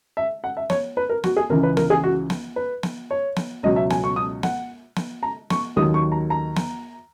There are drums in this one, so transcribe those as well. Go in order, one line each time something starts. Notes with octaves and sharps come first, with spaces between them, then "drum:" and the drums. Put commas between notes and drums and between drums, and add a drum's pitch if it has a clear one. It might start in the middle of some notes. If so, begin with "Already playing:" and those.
E5
F#5
E5
C#5, drum: snare
B4
A#4
F#4, drum: snare
G#4
C#2 C#3 E3 A#4
B4
A#4, drum: snare
G#4
F#4
drum: snare
B4
drum: snare
C#5
drum: snare
C#2 B2 F#3 D#5
E5
G#5, drum: snare
C#6
D#6
F#5, drum: snare
drum: snare
A#5
C#6, drum: snare
D#2 D#3 F#3 D#6
C#6
A#5
A#5
drum: snare